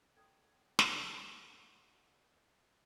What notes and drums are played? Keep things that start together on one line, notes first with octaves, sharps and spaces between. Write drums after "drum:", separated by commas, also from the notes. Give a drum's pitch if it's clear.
A4 F#5 G5 D#6 G#6
drum: snare